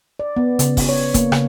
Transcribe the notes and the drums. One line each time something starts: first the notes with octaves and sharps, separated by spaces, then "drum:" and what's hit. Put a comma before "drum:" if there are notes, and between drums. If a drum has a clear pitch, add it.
D5
B3
C#3, drum: hi-hat
drum: kick, open hi-hat
C#5
A#3, drum: kick, hi-hat
C#3, drum: rim click